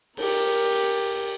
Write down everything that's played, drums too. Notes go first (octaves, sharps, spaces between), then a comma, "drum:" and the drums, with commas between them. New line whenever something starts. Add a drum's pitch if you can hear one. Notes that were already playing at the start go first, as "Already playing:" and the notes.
G4 A#4, drum: cymbal